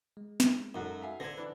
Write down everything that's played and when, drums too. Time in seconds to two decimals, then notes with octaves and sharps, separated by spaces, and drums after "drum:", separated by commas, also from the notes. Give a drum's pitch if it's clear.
0.17 G#3
0.40 drum: snare
0.74 F#2 D#4 F#4 A4
1.01 E5 F5 G#5
1.20 D3 C4 G#6 A#6
1.37 E3 D4 B4